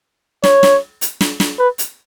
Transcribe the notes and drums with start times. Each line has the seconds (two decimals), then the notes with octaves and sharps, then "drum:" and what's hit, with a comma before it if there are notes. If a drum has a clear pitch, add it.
0.44 C#5, drum: snare
0.63 drum: snare
1.01 drum: hi-hat
1.21 drum: snare
1.40 drum: snare
1.59 B4
1.78 drum: hi-hat